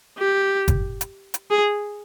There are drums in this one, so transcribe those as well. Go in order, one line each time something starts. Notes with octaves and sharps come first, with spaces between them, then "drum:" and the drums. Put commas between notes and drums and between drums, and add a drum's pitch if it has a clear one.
G4
drum: kick F#1, hi-hat
drum: hi-hat
drum: hi-hat
G#4